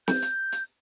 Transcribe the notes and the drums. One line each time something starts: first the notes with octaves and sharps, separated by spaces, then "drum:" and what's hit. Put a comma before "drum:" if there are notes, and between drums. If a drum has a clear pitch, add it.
G6, drum: snare
drum: hi-hat
drum: hi-hat